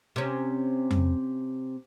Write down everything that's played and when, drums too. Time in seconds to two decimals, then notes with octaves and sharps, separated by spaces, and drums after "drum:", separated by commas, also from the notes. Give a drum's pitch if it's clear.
0.16 C3 C#4
0.91 drum: tom F2